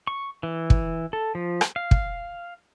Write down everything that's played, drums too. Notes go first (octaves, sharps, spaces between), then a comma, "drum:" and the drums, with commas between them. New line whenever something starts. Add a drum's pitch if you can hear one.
C#6
E3
drum: kick
A4
F3
drum: rim click
F5
drum: kick